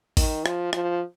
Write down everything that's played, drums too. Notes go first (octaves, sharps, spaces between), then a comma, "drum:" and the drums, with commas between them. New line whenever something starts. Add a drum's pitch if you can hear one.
D#3, drum: kick A1, open hi-hat
F3, drum: rim click
F3, drum: rim click